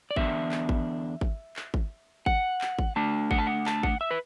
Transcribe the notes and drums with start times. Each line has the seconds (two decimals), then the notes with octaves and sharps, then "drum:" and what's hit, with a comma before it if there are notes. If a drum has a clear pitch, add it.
0.11 D5
0.16 E2 D3 B3 D4 E5, drum: kick G#1
0.52 drum: clap
0.69 drum: kick G#1
1.21 drum: kick G#1
1.56 drum: clap
1.74 drum: kick G#1
2.26 F#5, drum: kick G#1
2.61 drum: clap
2.79 drum: kick G#1
2.96 D3 A3 D4 A5
3.31 F#5, drum: kick G#1
3.38 A5
3.47 F#5
3.66 A5, drum: clap
3.83 F#5, drum: kick G#1
4.01 E5
4.11 B4